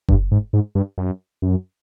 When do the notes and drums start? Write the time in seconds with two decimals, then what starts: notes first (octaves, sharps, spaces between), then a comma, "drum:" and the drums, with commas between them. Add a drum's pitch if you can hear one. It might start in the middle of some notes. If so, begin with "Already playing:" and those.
0.09 G2, drum: kick F#1
0.31 G#2
0.53 G#2
0.75 G2
0.98 F#2
1.42 F#2